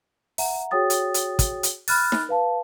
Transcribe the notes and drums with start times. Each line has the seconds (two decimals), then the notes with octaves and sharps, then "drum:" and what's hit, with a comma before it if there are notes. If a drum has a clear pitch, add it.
0.38 E5 F#5 A#5, drum: open hi-hat
0.71 F#4 G#4 C#5 G5 D#6 A6
0.90 drum: hi-hat
1.14 drum: hi-hat
1.39 drum: kick, hi-hat
1.63 drum: hi-hat
1.88 B5 F6 F#6 A6, drum: open hi-hat
2.12 drum: snare D#4
2.29 B4 F5 A5